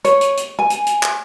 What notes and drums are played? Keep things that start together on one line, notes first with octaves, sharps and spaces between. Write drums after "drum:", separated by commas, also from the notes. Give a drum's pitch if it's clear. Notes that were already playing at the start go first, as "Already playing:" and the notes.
C#5, drum: hi-hat
drum: hi-hat
drum: hi-hat
G#5
drum: hi-hat
drum: hi-hat
drum: clap